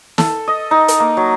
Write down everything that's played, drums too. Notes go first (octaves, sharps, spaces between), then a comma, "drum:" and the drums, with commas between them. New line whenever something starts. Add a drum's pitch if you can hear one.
A4, drum: snare
D#5
D#4
drum: hi-hat
A#3
F#3